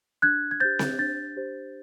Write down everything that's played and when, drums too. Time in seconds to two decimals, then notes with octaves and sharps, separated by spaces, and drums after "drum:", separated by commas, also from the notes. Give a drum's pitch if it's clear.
0.22 D4 F#6 G#6
0.51 G#6
0.60 G4 C5 G6 A6
0.79 drum: snare C4
0.98 D4 G6 A6
1.37 G4 C5